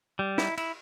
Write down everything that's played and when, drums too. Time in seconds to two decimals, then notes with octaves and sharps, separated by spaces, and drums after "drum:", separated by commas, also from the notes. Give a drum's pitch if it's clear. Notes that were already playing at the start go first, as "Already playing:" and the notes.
0.19 G3
0.38 E4, drum: snare
0.58 E4, drum: cymbal